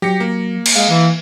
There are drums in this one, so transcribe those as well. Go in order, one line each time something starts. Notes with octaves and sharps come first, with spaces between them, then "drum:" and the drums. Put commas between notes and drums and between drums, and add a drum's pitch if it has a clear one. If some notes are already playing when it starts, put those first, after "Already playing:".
F#3 G4 A#6 C#7
A#3
drum: cymbal
G#3 F5
E3